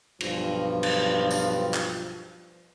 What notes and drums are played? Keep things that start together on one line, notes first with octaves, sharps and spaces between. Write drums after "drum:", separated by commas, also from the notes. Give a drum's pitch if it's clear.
B1 G2 F3, drum: cymbal
drum: cymbal
drum: tambourine
drum: clap